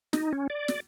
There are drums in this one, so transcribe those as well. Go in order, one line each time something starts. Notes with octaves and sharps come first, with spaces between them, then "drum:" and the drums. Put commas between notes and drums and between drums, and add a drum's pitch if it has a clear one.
D#4, drum: snare
C#4
D5
drum: snare